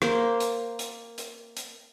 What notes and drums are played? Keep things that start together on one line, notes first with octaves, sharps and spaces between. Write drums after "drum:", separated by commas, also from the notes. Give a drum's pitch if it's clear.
A#3 C5, drum: rim click
drum: hi-hat
drum: hi-hat
drum: hi-hat
drum: hi-hat